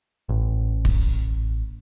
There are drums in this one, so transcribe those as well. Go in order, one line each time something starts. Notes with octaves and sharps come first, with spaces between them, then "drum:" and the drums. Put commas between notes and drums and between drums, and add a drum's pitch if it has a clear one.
A1
drum: kick